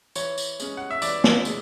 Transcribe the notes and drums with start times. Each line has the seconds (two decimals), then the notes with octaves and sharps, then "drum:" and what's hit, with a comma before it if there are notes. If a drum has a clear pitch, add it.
0.15 E3 C#5, drum: tambourine
0.38 drum: tambourine
0.60 G#3 C#4, drum: tambourine
0.77 F#5
0.91 E5
1.02 E3 D5, drum: tambourine
1.24 drum: snare
1.45 G#3, drum: tambourine